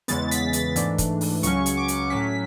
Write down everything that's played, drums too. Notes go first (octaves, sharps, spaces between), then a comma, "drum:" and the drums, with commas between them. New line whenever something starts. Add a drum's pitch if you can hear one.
E2 C#3 E3 G#3 B3 A6, drum: hi-hat
B6, drum: hi-hat
A6, drum: hi-hat
G#2 E3 A3 D4, drum: hi-hat
drum: kick, hi-hat
drum: open hi-hat
C#2 C#3 F#3 C#4 C#6, drum: hi-hat
drum: hi-hat
D6
drum: hi-hat
A2 F#3 C#4 B6